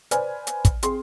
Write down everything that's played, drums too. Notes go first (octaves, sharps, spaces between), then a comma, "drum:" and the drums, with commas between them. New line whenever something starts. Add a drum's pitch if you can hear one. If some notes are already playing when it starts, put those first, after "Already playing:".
B4 C5 D5 G#5 F6, drum: hi-hat
drum: hi-hat
drum: kick, hi-hat
C4 G#4 C6, drum: hi-hat